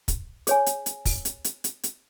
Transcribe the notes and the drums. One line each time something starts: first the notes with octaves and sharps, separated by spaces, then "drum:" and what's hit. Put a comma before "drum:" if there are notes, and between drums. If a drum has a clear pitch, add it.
drum: kick, hi-hat
G#4 C#5 G#5, drum: hi-hat
drum: hi-hat
drum: hi-hat
drum: kick, open hi-hat
drum: hi-hat
drum: hi-hat
drum: hi-hat
drum: hi-hat